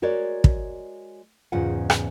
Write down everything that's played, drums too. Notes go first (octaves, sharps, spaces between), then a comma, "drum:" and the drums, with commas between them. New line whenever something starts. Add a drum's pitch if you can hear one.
G#3 F#4 A#4 C#5 D5
drum: kick
E2 G#2 C#3 F4 F#5
drum: rim click